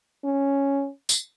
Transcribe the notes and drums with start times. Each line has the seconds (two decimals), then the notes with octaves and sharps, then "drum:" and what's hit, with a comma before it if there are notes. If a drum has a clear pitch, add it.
0.25 C#4
1.09 drum: tambourine